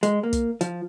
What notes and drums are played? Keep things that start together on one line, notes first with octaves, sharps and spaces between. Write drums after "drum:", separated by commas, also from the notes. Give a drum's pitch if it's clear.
G#3, drum: hi-hat
A#3
drum: kick, hi-hat
F3, drum: hi-hat